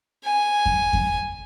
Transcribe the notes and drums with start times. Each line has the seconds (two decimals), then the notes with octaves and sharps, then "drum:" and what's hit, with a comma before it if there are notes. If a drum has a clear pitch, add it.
0.24 G#5
0.66 drum: kick F2
0.93 drum: kick F2